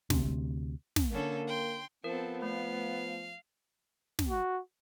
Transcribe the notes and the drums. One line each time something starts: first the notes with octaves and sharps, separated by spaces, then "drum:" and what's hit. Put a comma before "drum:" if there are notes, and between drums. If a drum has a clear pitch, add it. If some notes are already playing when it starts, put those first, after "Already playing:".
D2 C3, drum: snare
drum: snare
D3 A#3 C#4 A4
G5 C6
F3 B3 C4 A4 A#4
A3 F5
drum: snare
F#4